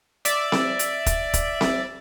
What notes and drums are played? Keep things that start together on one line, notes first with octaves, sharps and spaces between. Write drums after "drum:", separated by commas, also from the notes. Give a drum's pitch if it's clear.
D5 E5, drum: hi-hat
drum: snare C4
drum: hi-hat
drum: kick, hi-hat
drum: kick, hi-hat
drum: snare C4